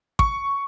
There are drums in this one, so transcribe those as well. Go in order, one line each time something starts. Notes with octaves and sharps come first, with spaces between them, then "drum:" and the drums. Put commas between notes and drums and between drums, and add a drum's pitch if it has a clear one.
C#6, drum: kick